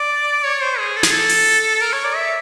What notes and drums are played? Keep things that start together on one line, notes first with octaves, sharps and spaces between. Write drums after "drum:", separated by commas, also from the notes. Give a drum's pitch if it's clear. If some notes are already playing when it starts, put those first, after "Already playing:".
Already playing: D5
C#5
C5
G#4
A4
G#4, drum: snare
A4
drum: open hi-hat
A#4
C#5
D5
E5